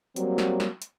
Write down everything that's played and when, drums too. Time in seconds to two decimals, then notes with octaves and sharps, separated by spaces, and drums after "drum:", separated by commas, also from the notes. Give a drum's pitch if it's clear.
0.16 F#3 G3 A#3 C4 F#4, drum: hi-hat
0.38 drum: snare
0.60 drum: snare
0.82 drum: hi-hat